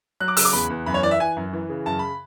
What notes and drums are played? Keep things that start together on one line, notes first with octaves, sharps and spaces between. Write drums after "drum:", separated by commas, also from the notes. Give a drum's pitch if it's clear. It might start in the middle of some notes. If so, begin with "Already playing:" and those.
F#3 F#6
D6
C#3 E6, drum: open hi-hat
D6
E2 B5
E2
F#2 B5
C#5
E3 D5
E5
E3 G#5
F#2
E3
C#3
F#2 A5
B5